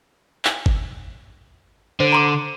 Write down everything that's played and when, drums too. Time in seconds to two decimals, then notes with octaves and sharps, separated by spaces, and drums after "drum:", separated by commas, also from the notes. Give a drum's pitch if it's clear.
0.45 drum: clap
0.66 drum: kick G1
2.00 D3 C5
2.12 A#5 C6 D6